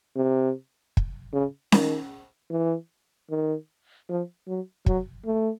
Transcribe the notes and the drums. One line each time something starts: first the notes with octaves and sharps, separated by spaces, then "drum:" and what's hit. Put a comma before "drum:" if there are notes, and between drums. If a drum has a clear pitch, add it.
C3
drum: kick
C#3
D#3, drum: snare C#4
E3
D#3
F3
F#3
F#3, drum: kick
A3